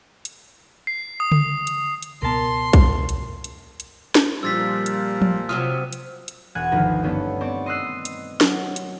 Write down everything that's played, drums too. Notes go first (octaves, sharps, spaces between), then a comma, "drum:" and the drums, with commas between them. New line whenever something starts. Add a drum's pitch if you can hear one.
drum: hi-hat
C7
D#6
drum: tom C#3
drum: hi-hat
drum: hi-hat
C#2 B2 B3 A#4 A5 C6
drum: kick B1, hi-hat
drum: hi-hat
drum: hi-hat
drum: hi-hat
drum: snare
A#2 F3 G3 E6 A6 B6
drum: hi-hat
drum: tom F3
C3 F#3 F4 D#6 F6 D#7
drum: hi-hat
drum: hi-hat
E1 F#5 G#5 F#6 G#6
G#1 D2 D#3 F3 B4 A#5
G2 D3 A3 B3 C#4 D4
B3 C4 D5 C#6
D#5 C6 D#6 E6 F#6 C7
drum: hi-hat
F#3, drum: snare
drum: hi-hat